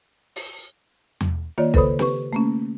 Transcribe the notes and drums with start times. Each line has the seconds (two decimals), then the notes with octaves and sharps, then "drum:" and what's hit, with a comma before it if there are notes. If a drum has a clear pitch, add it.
0.36 drum: open hi-hat
1.21 drum: tom E2
1.58 D#3 A#3 F4 C#5 D5
1.74 C#3 A4 B4 C5 B5 D#6, drum: kick
1.99 G4 B4 C#6, drum: snare
2.33 A3 A#3 C#4